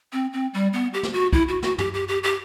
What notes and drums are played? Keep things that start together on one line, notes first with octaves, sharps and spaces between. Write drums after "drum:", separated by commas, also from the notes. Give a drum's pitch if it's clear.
C4
C4
G3
B3
G4
drum: snare
F#4
E4, drum: kick
F#4
F#4, drum: snare
G4, drum: tom
G4
G4
G4